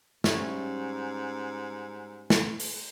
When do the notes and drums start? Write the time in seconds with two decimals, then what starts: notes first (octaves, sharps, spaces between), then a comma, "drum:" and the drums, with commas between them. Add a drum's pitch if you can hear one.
0.24 G#2 G3 C#4 E5, drum: snare
2.30 drum: snare
2.60 drum: open hi-hat